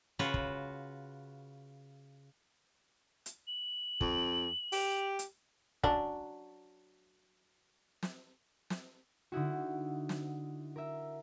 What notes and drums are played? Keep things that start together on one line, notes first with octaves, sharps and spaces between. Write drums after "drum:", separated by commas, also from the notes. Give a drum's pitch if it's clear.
C#3 F4 F#4 B4
drum: kick
drum: hi-hat
F#7
F2, drum: kick
G4, drum: open hi-hat
drum: hi-hat
F#3 C#4 D4, drum: kick
drum: snare
drum: snare
D3 D#4 E4 F#4
drum: snare
A#4 E5